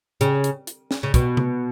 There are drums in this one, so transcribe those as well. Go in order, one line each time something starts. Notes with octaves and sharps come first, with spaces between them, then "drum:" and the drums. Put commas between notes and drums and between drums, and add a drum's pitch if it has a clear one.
C#3, drum: hi-hat
drum: hi-hat
drum: hi-hat
drum: snare
C#3
B2, drum: kick, hi-hat
drum: tom C3